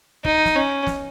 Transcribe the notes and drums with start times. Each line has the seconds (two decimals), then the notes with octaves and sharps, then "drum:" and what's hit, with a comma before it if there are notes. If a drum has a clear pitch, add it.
0.25 D#4, drum: kick
0.45 drum: snare
0.56 C#4
0.87 drum: snare